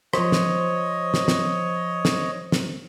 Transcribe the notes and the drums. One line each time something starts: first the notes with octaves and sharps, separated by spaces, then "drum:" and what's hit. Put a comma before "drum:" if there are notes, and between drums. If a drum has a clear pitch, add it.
F3 C5 C#5 D#5, drum: rim click
drum: snare
drum: snare
drum: snare
drum: snare
drum: snare